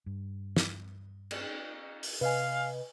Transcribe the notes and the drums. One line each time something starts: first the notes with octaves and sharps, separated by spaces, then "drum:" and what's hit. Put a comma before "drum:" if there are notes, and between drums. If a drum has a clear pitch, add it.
G2
drum: snare
drum: cymbal
drum: open hi-hat
C3 B4 D#5 F5 G#5